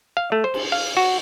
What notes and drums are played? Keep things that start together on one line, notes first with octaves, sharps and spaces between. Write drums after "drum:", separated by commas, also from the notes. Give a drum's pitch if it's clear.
F5
A3
C5
drum: cymbal
F5
F#4